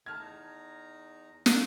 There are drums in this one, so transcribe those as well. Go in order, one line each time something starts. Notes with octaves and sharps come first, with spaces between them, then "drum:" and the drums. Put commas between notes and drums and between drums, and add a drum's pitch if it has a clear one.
C3 D#3 A3 A5 F6 G#6
E2 D#4 A#5
drum: snare